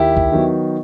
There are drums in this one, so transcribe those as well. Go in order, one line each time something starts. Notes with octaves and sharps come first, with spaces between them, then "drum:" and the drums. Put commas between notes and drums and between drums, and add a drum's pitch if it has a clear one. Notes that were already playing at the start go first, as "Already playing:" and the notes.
Already playing: D#2 E4 G4
drum: kick C2
D#3 F#3 B3